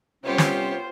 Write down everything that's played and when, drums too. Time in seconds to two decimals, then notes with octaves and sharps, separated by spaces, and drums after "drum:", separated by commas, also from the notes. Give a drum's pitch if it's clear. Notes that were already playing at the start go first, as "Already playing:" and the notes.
0.24 C3 G3 B3 C#4 F4 G4 C5 C#5
0.38 drum: snare